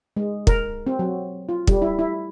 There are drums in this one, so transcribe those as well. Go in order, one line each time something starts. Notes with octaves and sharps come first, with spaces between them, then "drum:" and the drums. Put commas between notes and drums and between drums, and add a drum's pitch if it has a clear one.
G#3
A#4, drum: kick
C4
F#3
F4
G3, drum: kick
E4
E4